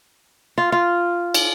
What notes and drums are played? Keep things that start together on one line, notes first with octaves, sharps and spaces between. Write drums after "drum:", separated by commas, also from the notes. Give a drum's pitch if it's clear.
F4
F4
drum: cymbal